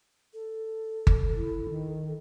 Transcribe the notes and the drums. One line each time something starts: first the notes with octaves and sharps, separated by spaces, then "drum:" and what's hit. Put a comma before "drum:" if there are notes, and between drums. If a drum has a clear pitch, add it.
A4
drum: kick G1
E4
D#3